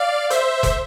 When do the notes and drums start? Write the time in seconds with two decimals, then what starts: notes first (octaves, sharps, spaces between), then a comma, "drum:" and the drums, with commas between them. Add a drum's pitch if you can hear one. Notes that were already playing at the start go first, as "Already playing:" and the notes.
Already playing: D5 F5
0.30 C5 E5, drum: hi-hat
0.63 drum: kick F1, hi-hat